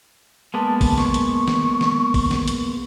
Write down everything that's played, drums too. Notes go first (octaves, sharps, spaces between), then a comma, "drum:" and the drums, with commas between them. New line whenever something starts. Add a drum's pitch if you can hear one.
G#3 A#3 B3 A5
drum: kick, open hi-hat
C#6, drum: snare
drum: hi-hat
drum: snare
drum: snare
drum: kick, open hi-hat
drum: snare
drum: hi-hat